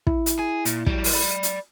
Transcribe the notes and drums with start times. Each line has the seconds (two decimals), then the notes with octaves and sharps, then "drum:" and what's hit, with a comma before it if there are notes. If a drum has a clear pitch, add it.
0.07 E4, drum: kick
0.26 drum: hi-hat
0.39 G#4
0.65 A#2, drum: hi-hat
0.86 F#3 G3, drum: kick
1.04 drum: open hi-hat
1.13 D5 B5
1.43 drum: hi-hat